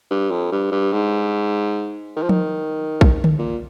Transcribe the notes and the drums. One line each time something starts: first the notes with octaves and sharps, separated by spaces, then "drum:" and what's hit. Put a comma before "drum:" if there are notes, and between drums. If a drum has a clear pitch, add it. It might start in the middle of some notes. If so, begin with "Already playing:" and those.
G2
F2
G2
G2
G#2
D#3
F3
D#3, drum: tom F3
drum: kick
drum: tom D3
A#2